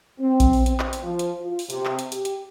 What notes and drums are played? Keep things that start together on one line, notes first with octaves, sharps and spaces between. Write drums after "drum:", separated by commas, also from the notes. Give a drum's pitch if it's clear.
C4
drum: kick A#1, hi-hat
drum: open hi-hat
C4, drum: hi-hat
drum: clap
drum: hi-hat
F3
drum: hi-hat
F4
drum: open hi-hat
C3, drum: hi-hat
drum: clap
drum: hi-hat
G4, drum: hi-hat
drum: hi-hat